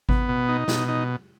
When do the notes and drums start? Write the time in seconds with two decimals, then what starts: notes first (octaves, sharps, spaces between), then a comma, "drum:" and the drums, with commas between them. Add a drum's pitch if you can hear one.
0.09 B3, drum: kick G#1
0.28 B2
0.48 D#4
0.68 B2, drum: snare
0.88 D#4